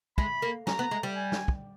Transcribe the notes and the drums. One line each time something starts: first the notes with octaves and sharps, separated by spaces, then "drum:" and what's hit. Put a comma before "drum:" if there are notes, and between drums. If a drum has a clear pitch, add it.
G#3 B5, drum: kick
A#3
C#4 A#5, drum: snare
B3
G#3
G3
G#5
drum: snare
drum: kick